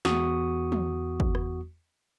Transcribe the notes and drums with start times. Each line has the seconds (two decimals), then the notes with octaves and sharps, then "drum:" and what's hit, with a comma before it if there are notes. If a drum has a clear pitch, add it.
0.05 E2 F#4 C#6 D#6, drum: snare
0.72 drum: tom
1.20 drum: kick
1.35 drum: rim click